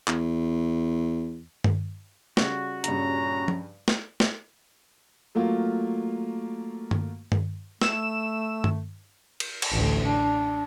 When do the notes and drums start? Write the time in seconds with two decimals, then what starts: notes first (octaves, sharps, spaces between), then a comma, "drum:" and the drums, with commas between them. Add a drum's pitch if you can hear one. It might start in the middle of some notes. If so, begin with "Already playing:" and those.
0.08 E2, drum: clap
1.64 drum: tom G2
2.37 C#3 G3 F#4, drum: snare
2.84 G2 A#2 C#3 G3 C#4 A#5, drum: hi-hat
3.48 drum: tom F3
3.88 drum: snare
4.20 drum: snare
5.35 F#3 A3 A#3 F4
6.91 drum: tom G2
7.32 drum: tom G2
7.81 A3 E6 E7, drum: snare
8.64 drum: tom G2
9.40 drum: cymbal
9.62 drum: cymbal
9.71 A1 D2
10.03 D4